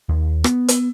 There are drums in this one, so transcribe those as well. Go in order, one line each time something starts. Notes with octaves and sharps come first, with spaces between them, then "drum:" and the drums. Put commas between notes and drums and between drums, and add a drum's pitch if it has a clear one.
D#2
B3, drum: rim click
drum: hi-hat